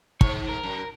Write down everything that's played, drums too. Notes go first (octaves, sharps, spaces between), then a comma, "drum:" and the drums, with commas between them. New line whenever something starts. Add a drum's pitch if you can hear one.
G#2 C#5, drum: kick
A#4
F#2